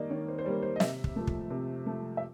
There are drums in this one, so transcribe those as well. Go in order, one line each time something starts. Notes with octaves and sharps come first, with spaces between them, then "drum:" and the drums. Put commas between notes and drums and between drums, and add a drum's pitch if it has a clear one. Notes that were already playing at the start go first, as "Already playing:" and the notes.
Already playing: D#3 G3 A#3 D5 D#5
D#3 C#5
C5
C5
G3 A#3 C#5
C5
D#5
C3 E5, drum: snare
drum: kick
F3 A3
drum: kick
C3
F3 A3
E5